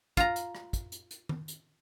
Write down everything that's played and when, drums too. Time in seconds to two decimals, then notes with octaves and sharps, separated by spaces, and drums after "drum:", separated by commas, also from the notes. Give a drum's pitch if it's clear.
0.17 F4 A#5, drum: kick, hi-hat
0.36 drum: hi-hat
0.55 drum: rim click
0.73 drum: kick, hi-hat
0.92 drum: hi-hat
1.11 drum: hi-hat
1.29 drum: tom D#3
1.48 drum: hi-hat